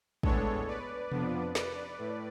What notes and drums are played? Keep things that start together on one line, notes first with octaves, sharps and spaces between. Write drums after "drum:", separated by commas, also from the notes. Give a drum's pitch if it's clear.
A2 G#3 B3 D4 A4 C#5, drum: kick
B4 D5
F2 F3 B3 D4, drum: tom B2
B4 D5, drum: snare
A2